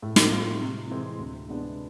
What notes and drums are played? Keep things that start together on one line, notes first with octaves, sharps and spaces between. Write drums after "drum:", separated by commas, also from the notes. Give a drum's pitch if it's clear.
A2
drum: snare
G#3 C4 F4
C3
E3 G#3 C4
D2
C3 G#3 B3 D4